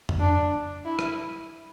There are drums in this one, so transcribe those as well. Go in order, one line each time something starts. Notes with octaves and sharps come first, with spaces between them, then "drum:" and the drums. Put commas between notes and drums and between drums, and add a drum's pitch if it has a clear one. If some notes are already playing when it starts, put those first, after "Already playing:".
drum: tom F2
D4
E4
drum: rim click